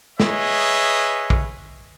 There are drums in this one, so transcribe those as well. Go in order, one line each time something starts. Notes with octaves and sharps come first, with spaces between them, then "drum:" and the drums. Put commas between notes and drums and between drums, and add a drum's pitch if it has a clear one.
G#4 B4 C#5 D#5 E5, drum: snare
drum: kick